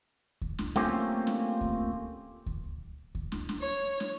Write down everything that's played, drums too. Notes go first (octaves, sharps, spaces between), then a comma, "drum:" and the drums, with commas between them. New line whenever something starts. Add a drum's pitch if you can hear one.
drum: kick D2
drum: snare
A3 A#3 C4 C#4 F4 G4, drum: snare
drum: snare
drum: kick D2
drum: kick D2
drum: kick D2
drum: snare
drum: snare
C#5
drum: snare